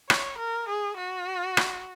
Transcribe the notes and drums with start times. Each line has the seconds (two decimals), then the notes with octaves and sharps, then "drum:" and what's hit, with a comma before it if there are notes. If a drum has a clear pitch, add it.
0.10 C#5, drum: rim click
0.39 A#4
0.69 G#4
0.98 F#4
1.57 drum: rim click